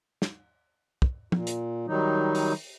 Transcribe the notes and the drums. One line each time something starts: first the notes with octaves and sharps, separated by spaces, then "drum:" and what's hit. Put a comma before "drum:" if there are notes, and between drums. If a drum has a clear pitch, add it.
drum: snare
drum: kick
A#2, drum: tom F3
drum: hi-hat
D#3 F#3 G3 D#4
drum: open hi-hat